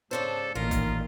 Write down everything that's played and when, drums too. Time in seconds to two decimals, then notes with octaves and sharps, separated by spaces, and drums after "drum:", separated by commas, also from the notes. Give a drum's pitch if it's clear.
0.11 G#2 C#3 D4 A4 C5
0.55 A1 A#2 D#3 F4 A#4
0.71 drum: kick F#1, hi-hat